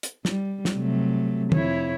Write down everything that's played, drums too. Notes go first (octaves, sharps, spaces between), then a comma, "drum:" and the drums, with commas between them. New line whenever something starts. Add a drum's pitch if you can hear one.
drum: hi-hat
G3, drum: snare
drum: snare
C3 F#3 A3
F2 E4 C#5, drum: tom